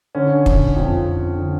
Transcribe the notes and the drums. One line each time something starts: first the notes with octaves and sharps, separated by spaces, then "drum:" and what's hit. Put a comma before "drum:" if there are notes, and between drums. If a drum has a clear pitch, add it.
D3 C#4
D3, drum: kick
F2
F2
D3